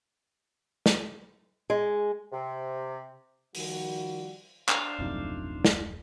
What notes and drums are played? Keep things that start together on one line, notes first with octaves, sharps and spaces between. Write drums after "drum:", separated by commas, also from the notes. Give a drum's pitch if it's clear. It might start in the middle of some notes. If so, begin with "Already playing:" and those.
drum: snare
G#3
C3
D#3 F3 G3 F4 F#4, drum: open hi-hat
D4 C5 F5 E7, drum: clap
D#1 B1 F#2 C3 F3 A3 D#4 F4
drum: snare